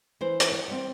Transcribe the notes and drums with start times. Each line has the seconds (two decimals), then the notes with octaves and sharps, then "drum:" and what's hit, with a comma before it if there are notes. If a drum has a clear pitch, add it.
0.21 E3 C5
0.40 drum: hi-hat
0.52 F#5
0.68 G3 C4